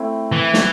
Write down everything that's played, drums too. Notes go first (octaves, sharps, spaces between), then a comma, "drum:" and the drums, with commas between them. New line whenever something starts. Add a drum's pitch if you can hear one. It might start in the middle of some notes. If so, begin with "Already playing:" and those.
Already playing: A3 C4 E4
E3
drum: snare